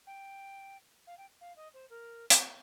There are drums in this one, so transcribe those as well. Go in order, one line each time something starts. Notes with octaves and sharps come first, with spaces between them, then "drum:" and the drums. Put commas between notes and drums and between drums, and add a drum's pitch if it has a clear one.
G5
F5
G5
F5
D#5
C5
A#4
drum: hi-hat